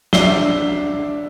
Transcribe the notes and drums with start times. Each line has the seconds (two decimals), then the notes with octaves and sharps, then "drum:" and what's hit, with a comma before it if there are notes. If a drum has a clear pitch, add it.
0.13 D4 E5 C7 G7, drum: snare